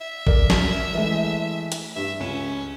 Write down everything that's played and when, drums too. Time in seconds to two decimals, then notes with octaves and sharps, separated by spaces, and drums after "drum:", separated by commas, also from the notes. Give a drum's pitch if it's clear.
0.01 E5
0.27 A#4 D5, drum: kick
0.50 drum: snare
0.93 E3 G#3 A3
1.72 drum: hi-hat
1.96 G2 E5
2.20 C#2 C#4 E7